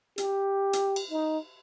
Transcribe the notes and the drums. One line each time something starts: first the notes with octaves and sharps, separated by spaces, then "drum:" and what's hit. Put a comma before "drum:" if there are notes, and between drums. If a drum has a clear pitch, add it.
G4, drum: hi-hat
drum: hi-hat
drum: cymbal
D#4